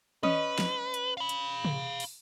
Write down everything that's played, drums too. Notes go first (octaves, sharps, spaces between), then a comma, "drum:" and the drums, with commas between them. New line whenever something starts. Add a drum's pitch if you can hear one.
C#4 B4 D#5, drum: tom
drum: snare
drum: hi-hat
F5 B5
drum: hi-hat
drum: tom
drum: open hi-hat